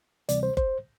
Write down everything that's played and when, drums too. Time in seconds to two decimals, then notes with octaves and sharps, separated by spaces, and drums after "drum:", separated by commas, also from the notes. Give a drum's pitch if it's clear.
0.29 D2 C3 E3 G3 C4 D5, drum: hi-hat
0.43 C5
0.57 C5, drum: kick F#1